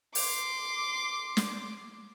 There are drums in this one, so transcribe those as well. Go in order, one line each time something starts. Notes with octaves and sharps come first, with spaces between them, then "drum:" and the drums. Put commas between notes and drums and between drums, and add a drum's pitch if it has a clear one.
C6 D6, drum: open hi-hat
drum: snare